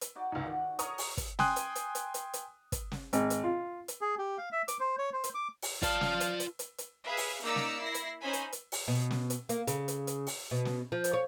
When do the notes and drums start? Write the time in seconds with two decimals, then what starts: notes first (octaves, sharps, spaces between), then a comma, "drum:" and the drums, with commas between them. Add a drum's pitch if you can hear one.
0.01 drum: hi-hat
0.15 D#4 F#4 D5
0.32 C#2 G#2
0.46 D#3 D5 F#5
0.79 A4 A#4 C#5 A#5 C#6 D#6, drum: hi-hat
0.98 drum: open hi-hat
1.17 drum: kick, hi-hat
1.39 G5 G#5 C6 D#6 F#6, drum: snare
1.56 drum: hi-hat
1.75 drum: hi-hat
1.95 drum: hi-hat
2.14 drum: hi-hat
2.33 drum: hi-hat
2.72 drum: kick, hi-hat
2.92 drum: snare
3.13 G#1, drum: hi-hat
3.30 drum: hi-hat
3.44 F4
3.88 drum: hi-hat
4.01 G#4
4.19 G4
4.38 F5
4.52 E5
4.68 D6, drum: hi-hat
4.80 C5
4.98 C#5
5.13 C5
5.24 drum: hi-hat
5.35 D6
5.62 drum: open hi-hat
5.83 F4 D5 F5 A5, drum: kick, hi-hat
6.01 drum: snare
6.20 drum: hi-hat
6.40 drum: hi-hat
6.59 drum: hi-hat
6.78 drum: hi-hat
7.04 G#4 B4 E5 F5
7.17 drum: open hi-hat
7.42 A#3 D#4 D5 E6 B6 C#7
7.56 drum: snare
7.82 E4 A#6 C7
7.94 drum: hi-hat
8.20 C#4 D#4 C5 G#5 B5
8.33 drum: hi-hat
8.52 drum: hi-hat
8.72 drum: open hi-hat
8.88 B2
9.11 drum: snare
9.30 drum: hi-hat
9.49 A#3, drum: hi-hat
9.67 C#3, drum: hi-hat
9.88 drum: hi-hat
10.07 drum: hi-hat
10.27 drum: open hi-hat
10.51 B2
10.65 drum: snare
10.92 F3
11.04 drum: hi-hat
11.13 C#5